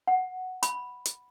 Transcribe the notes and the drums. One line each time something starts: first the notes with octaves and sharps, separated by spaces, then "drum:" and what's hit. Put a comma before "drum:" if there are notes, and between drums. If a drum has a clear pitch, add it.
F#5
B5, drum: hi-hat
drum: hi-hat